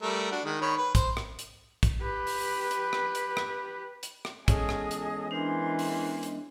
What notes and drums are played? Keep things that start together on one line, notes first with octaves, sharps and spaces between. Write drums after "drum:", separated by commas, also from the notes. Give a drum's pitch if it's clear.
G3 A3 A#4
D4 F#4
D#3 G#3
D#3 C#5 B5
B4
C5, drum: kick, hi-hat
drum: rim click
drum: hi-hat
drum: kick, hi-hat
G4 B4
drum: open hi-hat
drum: hi-hat
drum: rim click
drum: hi-hat
drum: rim click
drum: hi-hat
drum: rim click
E2 G#3 C#4 G#4 A4 D#5 D#6, drum: kick, hi-hat
drum: rim click
drum: hi-hat
E3 D4 A#4 C5 D#5 C6
drum: open hi-hat
drum: hi-hat